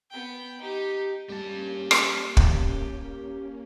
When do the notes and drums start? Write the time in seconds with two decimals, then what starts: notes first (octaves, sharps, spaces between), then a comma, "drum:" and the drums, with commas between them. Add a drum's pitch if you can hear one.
0.11 B3 G5
0.60 D#4 G4
1.29 G3 A#3 C#4 G4 A5
1.91 drum: rim click
2.37 drum: kick